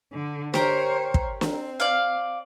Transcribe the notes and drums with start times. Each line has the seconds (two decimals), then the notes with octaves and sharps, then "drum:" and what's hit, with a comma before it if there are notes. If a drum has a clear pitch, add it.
0.12 D3
0.54 G4 A#4 C5 C#5, drum: snare
1.14 drum: kick
1.41 C4, drum: snare
1.80 D5 F5